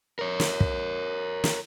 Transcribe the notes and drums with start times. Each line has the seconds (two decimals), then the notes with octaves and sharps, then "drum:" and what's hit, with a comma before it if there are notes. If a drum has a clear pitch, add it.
0.19 A#4 C#5
0.40 drum: snare
0.60 drum: kick
1.44 drum: snare